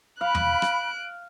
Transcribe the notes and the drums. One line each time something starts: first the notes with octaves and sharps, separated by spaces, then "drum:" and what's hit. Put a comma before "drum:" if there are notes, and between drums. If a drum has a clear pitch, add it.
F5 B5 F#6 D7
drum: tom E2
drum: rim click